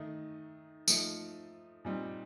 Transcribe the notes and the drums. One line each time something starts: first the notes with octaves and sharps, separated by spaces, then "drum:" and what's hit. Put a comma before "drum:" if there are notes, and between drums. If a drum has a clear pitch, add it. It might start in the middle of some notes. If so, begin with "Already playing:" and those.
Already playing: D#3 A3 D#4
F3 A3 D#4, drum: tambourine
A#2 G3 C4 D#4